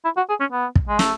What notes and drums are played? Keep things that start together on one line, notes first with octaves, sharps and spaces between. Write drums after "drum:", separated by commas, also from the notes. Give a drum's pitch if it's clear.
E4
F#4
G#4
C#4
B3
drum: kick
G#3
A3, drum: snare